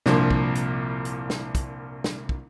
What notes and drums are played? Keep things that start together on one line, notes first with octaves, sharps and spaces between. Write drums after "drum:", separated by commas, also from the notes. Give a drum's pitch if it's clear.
C2 G2 A#2 F3 A#3, drum: snare
drum: kick
drum: hi-hat
drum: hi-hat
drum: snare
drum: kick, hi-hat
drum: snare
drum: kick